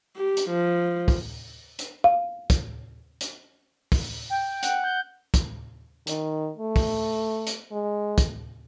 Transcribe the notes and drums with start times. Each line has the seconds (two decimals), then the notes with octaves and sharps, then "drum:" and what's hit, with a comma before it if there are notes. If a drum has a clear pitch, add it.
0.17 G4
0.37 drum: hi-hat
0.50 F3
1.08 drum: kick, open hi-hat
1.79 drum: hi-hat
2.04 F5
2.50 drum: kick, hi-hat
3.21 drum: hi-hat
3.92 drum: kick, open hi-hat
4.30 G5
4.63 F#5, drum: hi-hat
4.84 G6
5.34 drum: kick, hi-hat
6.07 D#3, drum: hi-hat
6.57 A3
6.76 drum: kick, open hi-hat
7.47 drum: hi-hat
7.72 G#3
8.18 drum: kick, hi-hat